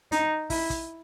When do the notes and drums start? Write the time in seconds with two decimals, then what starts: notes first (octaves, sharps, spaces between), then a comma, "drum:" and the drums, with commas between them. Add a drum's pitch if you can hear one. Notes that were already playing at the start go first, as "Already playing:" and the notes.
0.12 D#4, drum: hi-hat
0.50 E4, drum: kick, open hi-hat
0.70 drum: kick, hi-hat